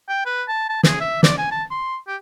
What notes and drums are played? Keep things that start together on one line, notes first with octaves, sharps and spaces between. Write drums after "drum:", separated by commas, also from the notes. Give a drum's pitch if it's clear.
G5
B4
A5
A5
G#4, drum: snare
E5
D5, drum: snare
G#5
A5
C6
G4